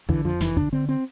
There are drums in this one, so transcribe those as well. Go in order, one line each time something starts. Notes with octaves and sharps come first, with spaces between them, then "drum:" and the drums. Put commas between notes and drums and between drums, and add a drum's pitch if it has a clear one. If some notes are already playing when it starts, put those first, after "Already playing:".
D3 E3, drum: kick
F2 F3
F1 E3, drum: snare
D3 D4, drum: kick
D3 C4
C4